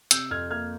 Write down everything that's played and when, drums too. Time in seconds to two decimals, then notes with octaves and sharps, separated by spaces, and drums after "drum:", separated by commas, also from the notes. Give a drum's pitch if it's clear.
0.11 C3 E6 G6, drum: hi-hat
0.30 F2 F6 G#6
0.51 A#3 F6 G#6